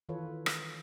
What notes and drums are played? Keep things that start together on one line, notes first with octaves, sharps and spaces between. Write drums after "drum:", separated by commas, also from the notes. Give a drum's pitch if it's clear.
D#3 E3 F4 A4 B4 C#5
drum: rim click